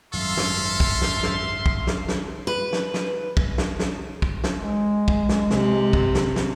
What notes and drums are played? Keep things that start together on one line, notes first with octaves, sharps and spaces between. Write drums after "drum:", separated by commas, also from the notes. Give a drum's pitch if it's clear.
G#1 F#2 F#3 A4 E5 F5 C6
drum: snare
drum: kick
drum: snare
drum: snare
drum: kick
drum: snare
drum: snare
B4
drum: snare
drum: snare
drum: kick
drum: snare
drum: snare
drum: kick
drum: snare
G#3
drum: kick
drum: snare
C3, drum: snare
drum: kick
drum: snare
drum: snare